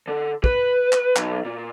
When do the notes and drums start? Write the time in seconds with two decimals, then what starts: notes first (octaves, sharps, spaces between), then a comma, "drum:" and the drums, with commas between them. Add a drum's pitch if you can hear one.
0.08 D3
0.44 B4, drum: kick
0.93 drum: clap
1.16 B1, drum: clap
1.45 A#2